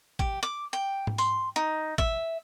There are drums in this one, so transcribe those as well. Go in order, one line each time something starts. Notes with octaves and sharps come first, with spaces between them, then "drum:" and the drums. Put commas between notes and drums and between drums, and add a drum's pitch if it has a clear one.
G4, drum: kick A1
D6
G5
drum: tom G#2
C6, drum: tambourine
D#4
E5, drum: kick A1